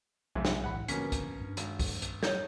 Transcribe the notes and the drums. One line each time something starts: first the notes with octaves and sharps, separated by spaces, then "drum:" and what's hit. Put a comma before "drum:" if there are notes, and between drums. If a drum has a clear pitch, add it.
B1 F2 G#2 C3
drum: snare
D1 A1 E3 F#5 B5
B2 D3 F3 A#3 C#4 B6, drum: hi-hat
drum: kick, hi-hat
G2 C4 D4
G#1, drum: hi-hat
drum: kick, open hi-hat
drum: hi-hat
C#5 G6, drum: snare